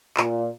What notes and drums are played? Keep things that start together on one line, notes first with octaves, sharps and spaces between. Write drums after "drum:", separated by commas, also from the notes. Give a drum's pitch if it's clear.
A#2, drum: clap